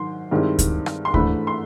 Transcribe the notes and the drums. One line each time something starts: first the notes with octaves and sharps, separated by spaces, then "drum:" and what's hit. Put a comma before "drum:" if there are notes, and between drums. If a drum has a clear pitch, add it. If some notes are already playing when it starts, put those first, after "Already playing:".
Already playing: G#2 D#3 F#3 C6
G2 D#3 G#3 C4 E4
drum: kick D2, hi-hat
drum: rim click
C6
G#2 E3 A3 D4 B5, drum: kick D2
C6